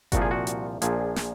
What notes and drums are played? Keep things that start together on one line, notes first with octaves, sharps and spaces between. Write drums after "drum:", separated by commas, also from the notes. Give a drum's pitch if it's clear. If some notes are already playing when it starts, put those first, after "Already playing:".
C2 A#2 F3 F#4, drum: kick G1, hi-hat
G#4
F#4
drum: hi-hat
A#1 A#2 F3 G#4, drum: hi-hat
drum: snare